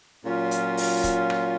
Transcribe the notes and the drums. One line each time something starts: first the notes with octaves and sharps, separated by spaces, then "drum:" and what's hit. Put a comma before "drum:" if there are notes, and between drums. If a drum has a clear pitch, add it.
A#2 F#3 C#4 F4
drum: hi-hat
drum: open hi-hat
drum: kick, hi-hat
drum: rim click